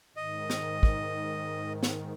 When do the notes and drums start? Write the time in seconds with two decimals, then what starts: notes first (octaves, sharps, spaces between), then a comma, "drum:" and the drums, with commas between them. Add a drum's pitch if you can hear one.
0.17 G#2 D#3 D#5
0.50 drum: snare
0.83 drum: kick
1.83 drum: snare